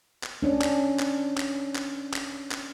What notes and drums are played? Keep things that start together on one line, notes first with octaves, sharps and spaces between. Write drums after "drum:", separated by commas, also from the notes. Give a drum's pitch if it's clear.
drum: clap
C#4 D4 C#5
drum: clap
drum: clap
drum: clap
drum: clap
drum: clap
drum: clap